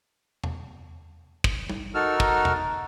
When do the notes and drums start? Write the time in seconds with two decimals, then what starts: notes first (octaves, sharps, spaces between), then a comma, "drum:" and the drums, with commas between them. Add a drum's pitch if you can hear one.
0.44 drum: tom E2
1.44 drum: kick
1.70 drum: tom G3
1.95 D#4 F#4 A4 A#4 E6 F6
2.20 drum: kick
2.45 drum: tom E2